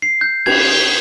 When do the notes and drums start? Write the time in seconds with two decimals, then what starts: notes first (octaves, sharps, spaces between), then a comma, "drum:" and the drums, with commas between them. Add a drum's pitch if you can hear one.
0.02 C7
0.21 G6
0.46 G#6, drum: cymbal
0.74 G7